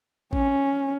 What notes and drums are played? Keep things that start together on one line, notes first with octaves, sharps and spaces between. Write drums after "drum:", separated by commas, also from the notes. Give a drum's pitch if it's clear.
C#4, drum: kick A1